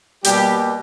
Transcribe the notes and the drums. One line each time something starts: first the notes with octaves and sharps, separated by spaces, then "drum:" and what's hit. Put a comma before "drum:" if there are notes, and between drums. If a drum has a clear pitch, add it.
B2 G3 A#3 G4, drum: hi-hat